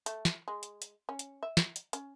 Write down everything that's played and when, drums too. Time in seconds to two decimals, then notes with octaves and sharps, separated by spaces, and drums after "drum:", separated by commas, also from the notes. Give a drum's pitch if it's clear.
0.06 A3, drum: hi-hat
0.25 drum: snare
0.48 G#3
0.63 drum: hi-hat
0.82 drum: hi-hat
1.09 C#4
1.19 drum: hi-hat
1.43 E5
1.57 drum: snare
1.76 drum: hi-hat
1.93 C#4, drum: hi-hat